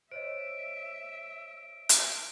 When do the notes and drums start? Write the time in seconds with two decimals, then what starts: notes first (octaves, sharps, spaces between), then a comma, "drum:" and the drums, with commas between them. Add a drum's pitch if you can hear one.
0.12 C5 C#5 D#5 E5 D7
1.89 drum: hi-hat